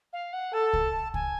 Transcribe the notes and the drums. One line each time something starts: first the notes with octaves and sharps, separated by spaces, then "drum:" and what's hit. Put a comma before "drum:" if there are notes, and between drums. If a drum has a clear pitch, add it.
F5
F#5
A4 A5
drum: kick C2
G#5, drum: kick C2